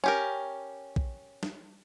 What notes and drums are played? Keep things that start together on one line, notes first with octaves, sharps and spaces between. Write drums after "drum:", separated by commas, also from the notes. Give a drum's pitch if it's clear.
C#4 G4 A#4
drum: kick A#1
drum: snare